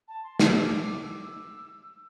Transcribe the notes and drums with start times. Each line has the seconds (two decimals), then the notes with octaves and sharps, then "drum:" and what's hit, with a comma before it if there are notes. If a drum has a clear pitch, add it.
0.08 A5
0.24 C6
0.39 D6, drum: snare
0.53 E6
0.66 D6
1.03 E6